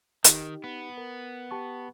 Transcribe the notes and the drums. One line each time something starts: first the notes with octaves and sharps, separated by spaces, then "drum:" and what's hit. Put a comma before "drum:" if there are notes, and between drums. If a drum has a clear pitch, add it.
D#3 D#4 G4, drum: hi-hat
B3
A#4
G4 A5 C#6